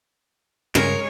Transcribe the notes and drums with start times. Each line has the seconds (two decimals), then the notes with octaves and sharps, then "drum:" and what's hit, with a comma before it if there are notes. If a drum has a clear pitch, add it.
0.75 G2 C#3 G#3 A#4 C#5, drum: snare